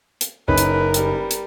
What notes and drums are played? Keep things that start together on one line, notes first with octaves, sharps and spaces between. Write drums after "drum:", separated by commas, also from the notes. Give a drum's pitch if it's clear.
drum: hi-hat
F#1 C#4 D#4 A#4 B4
drum: hi-hat
G3, drum: hi-hat
drum: hi-hat